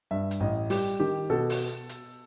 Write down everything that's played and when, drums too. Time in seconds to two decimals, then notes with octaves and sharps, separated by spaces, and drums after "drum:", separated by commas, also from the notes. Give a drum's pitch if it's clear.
0.11 G2 E5
0.31 drum: hi-hat
0.40 A1 D#5
0.70 G3 G4, drum: open hi-hat
1.00 D#3 G4
1.30 B2 A4
1.50 drum: open hi-hat
1.89 drum: hi-hat